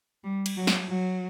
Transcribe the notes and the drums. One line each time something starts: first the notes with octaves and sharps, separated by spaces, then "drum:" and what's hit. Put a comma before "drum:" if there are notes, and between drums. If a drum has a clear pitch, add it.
G3
drum: cymbal
F#3
drum: snare
F#3